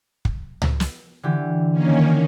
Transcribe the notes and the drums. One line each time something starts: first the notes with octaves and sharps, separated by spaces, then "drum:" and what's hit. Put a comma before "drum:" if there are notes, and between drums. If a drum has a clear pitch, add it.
drum: kick
drum: tom C#2
drum: snare
D3 E3 G4
D#3 A#3 C#4